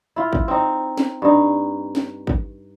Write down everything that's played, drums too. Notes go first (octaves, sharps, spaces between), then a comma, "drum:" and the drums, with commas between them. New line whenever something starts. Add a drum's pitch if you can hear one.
E4 F4
drum: kick A1
C4 D#4
drum: snare
G2 D#4
drum: snare
drum: kick A1